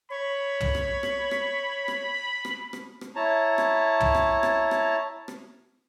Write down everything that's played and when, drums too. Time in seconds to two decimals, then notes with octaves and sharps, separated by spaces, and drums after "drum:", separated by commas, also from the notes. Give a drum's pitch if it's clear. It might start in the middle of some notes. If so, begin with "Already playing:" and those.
0.10 C#5 B5
0.61 drum: tom
0.75 drum: rim click
1.03 drum: rim click
1.31 drum: rim click
1.88 drum: rim click
2.45 drum: rim click
2.73 drum: rim click
3.01 drum: rim click
3.15 E4 C#5 A5 A#5
3.58 drum: rim click
4.00 drum: tom
4.15 drum: rim click
4.43 drum: rim click
4.71 drum: rim click
5.28 drum: rim click